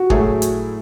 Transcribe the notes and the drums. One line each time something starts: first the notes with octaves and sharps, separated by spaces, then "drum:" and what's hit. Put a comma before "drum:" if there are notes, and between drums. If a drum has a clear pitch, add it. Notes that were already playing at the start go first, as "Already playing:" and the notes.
Already playing: F#4
A2 F#3 A3 E4 G#4, drum: kick
drum: hi-hat